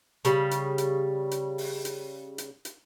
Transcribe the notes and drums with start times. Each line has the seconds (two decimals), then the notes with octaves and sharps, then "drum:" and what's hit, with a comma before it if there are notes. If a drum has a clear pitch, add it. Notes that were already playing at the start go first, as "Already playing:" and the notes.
0.25 C#3 G3, drum: hi-hat
0.51 drum: hi-hat
0.78 drum: hi-hat
1.31 drum: hi-hat
1.58 drum: open hi-hat
1.85 drum: hi-hat
2.38 drum: hi-hat
2.65 drum: hi-hat